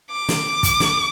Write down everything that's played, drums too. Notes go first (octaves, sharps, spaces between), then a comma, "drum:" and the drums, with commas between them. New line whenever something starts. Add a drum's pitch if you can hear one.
D6
drum: snare
drum: kick, hi-hat
drum: snare